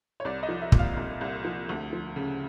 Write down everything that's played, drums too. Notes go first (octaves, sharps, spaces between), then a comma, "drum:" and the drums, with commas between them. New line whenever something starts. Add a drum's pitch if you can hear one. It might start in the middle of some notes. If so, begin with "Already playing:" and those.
C#5
C2 D5
D#5
F3
E5
A#2, drum: kick
F5
C2
C2
F3
D2
F3
C#3